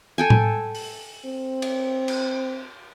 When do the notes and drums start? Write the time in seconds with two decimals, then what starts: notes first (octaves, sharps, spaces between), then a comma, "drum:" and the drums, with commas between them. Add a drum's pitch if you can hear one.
0.18 A4 G5 G#5
0.30 drum: tom A2
0.75 drum: open hi-hat
1.25 C4
1.62 drum: cymbal
2.08 drum: cymbal